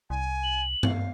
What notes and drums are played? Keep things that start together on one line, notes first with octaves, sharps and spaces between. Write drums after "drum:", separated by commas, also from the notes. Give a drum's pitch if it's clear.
C2 G#5
F#7
F5, drum: tom G2